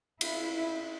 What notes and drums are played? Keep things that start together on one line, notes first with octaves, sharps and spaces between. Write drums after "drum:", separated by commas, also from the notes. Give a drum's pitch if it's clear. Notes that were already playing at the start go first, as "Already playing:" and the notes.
E4, drum: cymbal